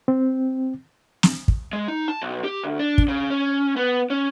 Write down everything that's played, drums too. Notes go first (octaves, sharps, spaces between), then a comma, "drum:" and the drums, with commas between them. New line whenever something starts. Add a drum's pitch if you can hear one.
C4
drum: snare
drum: kick
G#3
D#4
A5
B1
G4
D2
D4
drum: kick
C#3
C#4
B3
C#4